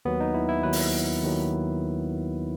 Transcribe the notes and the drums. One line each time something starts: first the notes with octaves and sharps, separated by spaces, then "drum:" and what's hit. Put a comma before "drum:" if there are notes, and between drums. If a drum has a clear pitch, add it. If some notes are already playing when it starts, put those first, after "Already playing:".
D#2 D#3 F#3 B3
D#4
E4
E4
D#2 D#3 F#3 B4
drum: open hi-hat
D#2 D#3 F#3